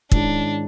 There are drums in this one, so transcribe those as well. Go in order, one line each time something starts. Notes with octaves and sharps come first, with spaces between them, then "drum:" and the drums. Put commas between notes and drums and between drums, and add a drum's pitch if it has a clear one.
G#2 D#3 G#3 C#4 D4 E4, drum: kick